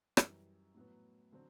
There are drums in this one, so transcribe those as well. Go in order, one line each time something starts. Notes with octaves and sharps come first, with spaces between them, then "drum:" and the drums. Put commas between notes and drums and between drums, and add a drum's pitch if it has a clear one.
F#2 E3 G3, drum: rim click
A2 F#3 B3
D3 F#3 C4